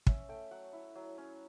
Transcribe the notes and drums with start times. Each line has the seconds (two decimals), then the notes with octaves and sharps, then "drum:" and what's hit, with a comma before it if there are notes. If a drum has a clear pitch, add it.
0.07 C#4 E5, drum: kick
0.29 A3 G5
0.51 F#3 F#5
0.73 E4
0.95 F#3
1.18 C#4